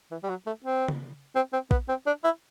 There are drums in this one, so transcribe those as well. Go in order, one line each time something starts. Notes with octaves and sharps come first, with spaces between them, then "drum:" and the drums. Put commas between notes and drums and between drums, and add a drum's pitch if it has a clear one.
E3
G3
F#3
A3
C4
drum: tom
C4
C4
B3, drum: kick
C4
D4
E4